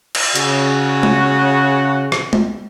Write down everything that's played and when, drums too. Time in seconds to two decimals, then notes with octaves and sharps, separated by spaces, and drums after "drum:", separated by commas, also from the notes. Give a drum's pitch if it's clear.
0.15 drum: cymbal
0.35 C#3 F#4, drum: hi-hat
1.03 drum: tom G#3
2.12 drum: rim click
2.33 drum: tom G#3